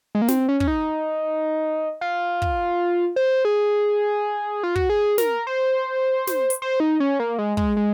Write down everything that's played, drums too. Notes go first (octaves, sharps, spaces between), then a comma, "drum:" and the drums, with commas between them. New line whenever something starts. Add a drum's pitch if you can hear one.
G#3
A#3
C4, drum: snare
C#4
C#4, drum: kick
D#4
F4
drum: kick
C5
G#4
F4
F#4, drum: kick
G#4
A#4, drum: snare
C5
drum: snare
drum: hi-hat
C5
D#4
C#4
A#3
G#3
G#3, drum: kick
G#3